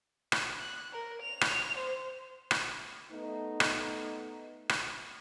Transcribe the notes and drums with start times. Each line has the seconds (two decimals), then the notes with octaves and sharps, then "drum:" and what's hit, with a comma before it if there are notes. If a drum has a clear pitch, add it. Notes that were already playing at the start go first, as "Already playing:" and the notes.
0.32 drum: rim click
0.59 F#6
0.92 A#4
1.22 F7
1.41 drum: rim click
1.77 C5
2.51 drum: rim click
3.11 A3 B3 D#4
3.60 drum: rim click
4.69 drum: rim click